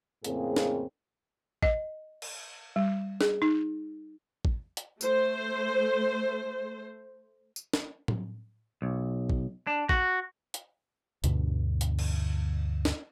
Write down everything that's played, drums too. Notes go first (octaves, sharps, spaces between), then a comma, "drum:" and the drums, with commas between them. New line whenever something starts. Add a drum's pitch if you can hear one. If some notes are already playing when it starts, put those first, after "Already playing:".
F2 A2 C#3 A#3 C4 G#4, drum: hi-hat
drum: snare
D#5, drum: kick
drum: cymbal
G3
G#4, drum: snare
D#4
drum: kick
drum: hi-hat
A3 C5, drum: tambourine
drum: tambourine
drum: snare
drum: tom
B1
drum: kick
D4
F#4, drum: kick
drum: hi-hat
D2 G2 B2 D3, drum: hi-hat
drum: hi-hat
drum: cymbal
drum: snare